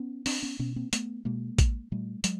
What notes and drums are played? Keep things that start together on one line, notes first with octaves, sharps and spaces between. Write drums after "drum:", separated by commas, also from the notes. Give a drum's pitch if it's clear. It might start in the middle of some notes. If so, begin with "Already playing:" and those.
Already playing: B3 C#4
C4 D4, drum: open hi-hat
B3 C#4
B2 B3 C#4
A#3 C4
A3 B3, drum: hi-hat
B2 G#3 A#3
drum: kick A1, hi-hat
A#2 G3 A3
F#3 G#3, drum: hi-hat